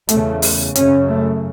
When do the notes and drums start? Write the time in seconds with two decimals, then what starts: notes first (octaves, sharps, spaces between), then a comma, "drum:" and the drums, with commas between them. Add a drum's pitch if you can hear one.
0.09 E2 C#3 A3, drum: hi-hat
0.42 drum: open hi-hat
0.75 F#2 C#3 C#4, drum: hi-hat
1.09 A3